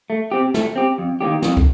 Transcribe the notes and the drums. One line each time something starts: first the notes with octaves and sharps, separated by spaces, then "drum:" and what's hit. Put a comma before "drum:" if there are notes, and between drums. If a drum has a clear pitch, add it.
A3
C4 G4
A3, drum: snare
C4 G4
F2
D#3 A#3 D4 G4
F2, drum: snare
drum: kick